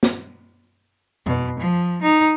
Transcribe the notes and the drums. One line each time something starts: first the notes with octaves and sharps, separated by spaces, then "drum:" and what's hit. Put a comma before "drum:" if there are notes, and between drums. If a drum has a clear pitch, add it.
drum: snare
B2, drum: tom F2
F3
D#4